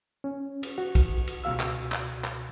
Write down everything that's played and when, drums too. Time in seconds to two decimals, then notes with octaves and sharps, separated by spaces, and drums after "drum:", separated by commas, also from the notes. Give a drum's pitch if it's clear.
0.24 C#4
0.63 drum: cymbal
0.78 F#4
0.95 drum: kick, cymbal
1.28 drum: cymbal
1.44 C#2 B2 F#4 F5 E6
1.60 drum: clap
1.92 drum: clap
2.24 drum: clap